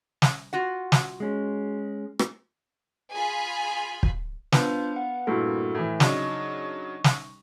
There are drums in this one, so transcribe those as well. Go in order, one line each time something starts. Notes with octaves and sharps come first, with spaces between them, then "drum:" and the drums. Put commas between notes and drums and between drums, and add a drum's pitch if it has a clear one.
drum: snare
F4 F#4 F#5
drum: snare
G#3 C#4
drum: rim click
F4 G#4 G#5 B5
drum: kick
B3 D4 F4 C5 F5, drum: snare
F#5
G2 A#2 A3 E4 F#4 A4
A2 E3
C#3 F#3 D4 D#4 C#6, drum: snare
drum: snare